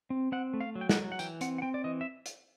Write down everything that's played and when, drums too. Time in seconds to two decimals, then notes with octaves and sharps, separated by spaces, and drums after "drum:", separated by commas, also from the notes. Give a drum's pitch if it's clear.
0.10 C4
0.32 C4 F#5
0.54 A3
0.61 F5
0.75 F#3
0.81 G5
0.89 F#5, drum: snare
0.97 F#3
1.12 F#5
1.19 E3 G5, drum: tambourine
1.41 C4 F#5, drum: hi-hat
1.58 F#5
1.62 C4 G5
1.74 D5
1.84 E3 D#5
2.01 E5
2.26 drum: hi-hat